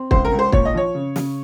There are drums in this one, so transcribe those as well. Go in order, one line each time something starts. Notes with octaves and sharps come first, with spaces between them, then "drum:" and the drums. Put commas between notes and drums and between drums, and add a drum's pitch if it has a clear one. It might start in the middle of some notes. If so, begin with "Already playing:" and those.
Already playing: C4
C#2 C5, drum: kick
A#4
C#2
C5
A#2 C#5, drum: kick
D#5
F3 C#5
C#3
C#3, drum: snare